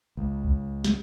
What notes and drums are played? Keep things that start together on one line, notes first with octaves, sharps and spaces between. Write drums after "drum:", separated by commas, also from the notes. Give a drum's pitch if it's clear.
C#2
drum: kick C#2
drum: snare